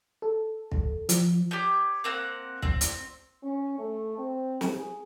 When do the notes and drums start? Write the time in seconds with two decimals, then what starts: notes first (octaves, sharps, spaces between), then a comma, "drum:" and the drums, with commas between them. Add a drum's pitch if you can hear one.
0.22 A4
0.72 drum: kick
1.09 F3, drum: hi-hat
1.51 G4 C#5 G6
2.04 A#3 C4 F#5
2.62 C4, drum: kick
2.81 drum: hi-hat
3.42 C#4
3.78 A3
4.18 C4
4.61 drum: snare
4.73 G#4